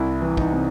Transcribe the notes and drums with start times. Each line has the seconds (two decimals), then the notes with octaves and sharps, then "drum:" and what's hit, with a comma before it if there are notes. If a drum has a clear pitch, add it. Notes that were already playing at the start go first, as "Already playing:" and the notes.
Already playing: C2 E4
0.21 E3
0.37 D#4, drum: kick
0.52 C3